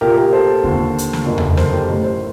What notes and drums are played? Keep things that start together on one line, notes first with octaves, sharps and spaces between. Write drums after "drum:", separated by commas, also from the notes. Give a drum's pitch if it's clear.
A#1 A#2 G4 A#4
G4 A#4
A4 C5
D#2 D3, drum: kick E2
drum: hi-hat
drum: snare
F#1 F#2 D3
drum: tom E2
A4 C5, drum: snare
G4 A#4
A1 A2
C5